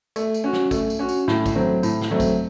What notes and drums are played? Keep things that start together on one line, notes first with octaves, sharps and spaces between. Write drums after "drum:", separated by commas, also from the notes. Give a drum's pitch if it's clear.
A3, drum: tambourine
drum: tambourine
C#4 F#4
drum: snare
A3, drum: kick, tambourine
drum: tambourine
C#4 F#4
drum: tambourine
A2, drum: snare
drum: kick, tambourine
F#3 A3 C4
A2, drum: tambourine
drum: snare
F#3 A3 C4
drum: kick, tambourine